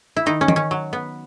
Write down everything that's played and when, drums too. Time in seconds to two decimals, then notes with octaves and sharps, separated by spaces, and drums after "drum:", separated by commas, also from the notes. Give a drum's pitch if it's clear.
0.16 E4
0.26 D#3 D#4
0.41 C#4
0.48 D#3, drum: tom
0.56 C#4
0.71 F#3
0.93 B3